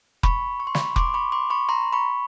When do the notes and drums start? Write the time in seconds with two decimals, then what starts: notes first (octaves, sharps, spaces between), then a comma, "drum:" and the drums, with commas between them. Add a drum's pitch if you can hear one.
0.23 B5 C#6, drum: kick F1
0.60 C#6
0.67 C6
0.75 B5 C#6, drum: snare
0.96 C6 D6, drum: kick F1
1.14 B5 C#6
1.32 C6 D6
1.50 B5 C#6
1.69 A#5 C6
1.93 B5 C#6